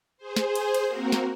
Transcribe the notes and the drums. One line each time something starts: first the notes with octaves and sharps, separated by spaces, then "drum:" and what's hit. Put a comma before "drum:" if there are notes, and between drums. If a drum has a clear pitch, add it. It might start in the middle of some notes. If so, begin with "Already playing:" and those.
G#4 C5
drum: snare
drum: cymbal
drum: cymbal
A#3 C4 F#4 A#4
drum: snare